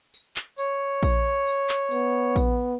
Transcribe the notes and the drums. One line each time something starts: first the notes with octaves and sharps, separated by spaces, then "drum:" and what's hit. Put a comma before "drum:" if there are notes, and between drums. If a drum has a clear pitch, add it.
drum: tambourine
drum: clap
C#5, drum: tambourine
drum: kick A#1, tambourine
drum: tambourine
drum: clap
B3, drum: tambourine
drum: kick A#1, tambourine